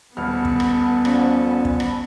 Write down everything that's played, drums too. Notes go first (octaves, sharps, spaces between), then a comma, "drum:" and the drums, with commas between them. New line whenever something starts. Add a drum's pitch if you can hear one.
D#1 B3 A4 B4 F6
drum: kick
drum: rim click
D3 F3 C#4, drum: rim click
drum: kick
drum: rim click